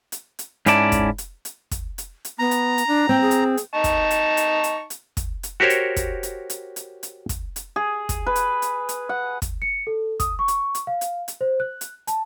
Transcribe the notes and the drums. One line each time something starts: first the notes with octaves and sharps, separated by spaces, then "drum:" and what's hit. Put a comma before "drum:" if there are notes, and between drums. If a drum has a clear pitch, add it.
drum: hi-hat
drum: hi-hat
G#2 C#4 E4 D5 A5, drum: hi-hat
drum: kick, hi-hat
drum: hi-hat
drum: hi-hat
drum: kick, hi-hat
drum: hi-hat
drum: hi-hat
B3 A#5
drum: hi-hat
drum: hi-hat
D4
C4 G5
G#4
drum: hi-hat
drum: hi-hat
D#4 A5 C#6
drum: kick, hi-hat
drum: hi-hat
drum: hi-hat
drum: hi-hat
drum: hi-hat
drum: kick, hi-hat
drum: hi-hat
F#4 G4 A#4 C5 C#5
drum: hi-hat
drum: kick, hi-hat
drum: hi-hat
drum: hi-hat
drum: hi-hat
drum: hi-hat
drum: kick, hi-hat
drum: hi-hat
G#4
drum: kick, hi-hat
B4
drum: hi-hat
drum: hi-hat
drum: hi-hat
F#5
drum: kick, hi-hat
C#7
A4
D#6, drum: kick, hi-hat
C#6
drum: hi-hat
drum: hi-hat
F5
drum: hi-hat
drum: hi-hat
C5
F#6
drum: hi-hat
A5, drum: hi-hat